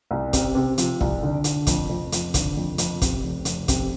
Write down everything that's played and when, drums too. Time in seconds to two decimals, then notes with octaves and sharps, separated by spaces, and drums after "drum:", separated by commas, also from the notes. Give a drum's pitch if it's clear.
0.11 C2
0.33 C3, drum: kick, hi-hat
0.55 C3
0.78 F3, drum: hi-hat
1.01 C2, drum: kick
1.23 D3
1.44 D3, drum: hi-hat
1.67 F2, drum: kick, hi-hat
1.89 F2
2.12 F2, drum: hi-hat
2.34 D3, drum: kick, hi-hat
2.57 F2
2.78 F2, drum: hi-hat
3.02 C3, drum: kick, hi-hat
3.24 F1
3.45 F1, drum: hi-hat
3.68 C3, drum: kick, hi-hat